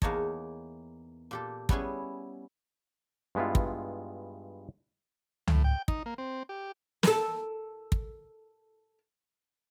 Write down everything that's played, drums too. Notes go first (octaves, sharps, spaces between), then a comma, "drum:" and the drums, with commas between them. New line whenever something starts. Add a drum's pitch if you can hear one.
E2 A#3 D#4 C#5 D#5 A5, drum: kick
A#2 G4 A4
G3 B3 C#4 E4 G#4, drum: kick
G2 G#3 B3 E4 F4
drum: kick
A2, drum: tom C#2
G5
D#4, drum: kick
A#3
C4
G4
A4 A#4, drum: snare
drum: kick